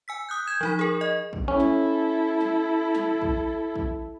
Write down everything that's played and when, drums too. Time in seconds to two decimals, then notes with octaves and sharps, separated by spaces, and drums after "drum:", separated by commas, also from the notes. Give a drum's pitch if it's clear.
0.08 G#5 E6 B6
0.29 D#6 F#6 G6
0.47 G6 G#6 E7
0.61 F3 D#4 B5
0.79 G#4 A#4
1.01 D#5
1.33 drum: kick
1.48 C#4 E4 A4
1.60 drum: snare
2.41 drum: snare
2.95 drum: snare
3.22 drum: kick
3.75 drum: kick